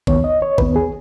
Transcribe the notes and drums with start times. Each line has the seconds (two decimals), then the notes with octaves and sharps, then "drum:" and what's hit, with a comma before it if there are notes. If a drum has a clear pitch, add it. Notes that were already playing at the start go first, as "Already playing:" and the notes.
0.07 D#2 D#3 B3 C#5, drum: kick A1
0.24 D#5
0.42 C#5
0.58 D#2 D#3 B3 B4, drum: kick A1
0.76 G#4